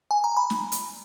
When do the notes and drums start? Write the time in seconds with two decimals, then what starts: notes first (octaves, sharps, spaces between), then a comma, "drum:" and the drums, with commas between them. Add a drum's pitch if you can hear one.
0.11 G#5
0.24 A#5
0.37 B5
0.50 drum: snare
0.72 drum: hi-hat